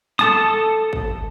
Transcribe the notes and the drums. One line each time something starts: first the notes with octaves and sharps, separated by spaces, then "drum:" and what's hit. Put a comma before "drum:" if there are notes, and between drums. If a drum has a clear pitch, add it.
A4 A5 D#6, drum: snare
drum: kick